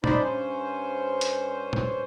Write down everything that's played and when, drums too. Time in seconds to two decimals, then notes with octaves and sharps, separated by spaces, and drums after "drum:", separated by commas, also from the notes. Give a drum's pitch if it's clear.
0.04 D4 D#4 C5 D5 B5, drum: tom A#2
0.19 G2 C#4 C5
1.21 drum: hi-hat
1.73 drum: tom A#2